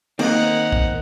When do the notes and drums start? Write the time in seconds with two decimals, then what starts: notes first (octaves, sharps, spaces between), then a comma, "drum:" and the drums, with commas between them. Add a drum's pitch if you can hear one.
0.19 D#3 A#3 C4 D#4 F#5, drum: cymbal
0.72 drum: kick